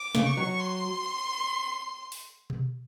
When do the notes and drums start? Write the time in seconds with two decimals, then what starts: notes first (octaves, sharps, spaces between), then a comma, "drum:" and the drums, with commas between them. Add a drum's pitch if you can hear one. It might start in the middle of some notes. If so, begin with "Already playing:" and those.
Already playing: D6
0.15 C#3, drum: snare
0.26 C#6
0.37 F#3
0.61 C6
2.12 drum: open hi-hat
2.50 drum: tom B2